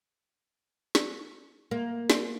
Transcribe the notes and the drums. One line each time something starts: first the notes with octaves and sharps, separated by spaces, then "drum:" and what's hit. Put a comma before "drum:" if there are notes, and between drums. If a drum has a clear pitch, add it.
drum: snare
A#3
drum: snare